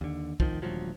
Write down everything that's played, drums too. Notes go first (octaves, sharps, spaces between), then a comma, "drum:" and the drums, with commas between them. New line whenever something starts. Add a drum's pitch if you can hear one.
D#2 D3
F1 D#3 F3, drum: kick
D#1 D2 F3 F#3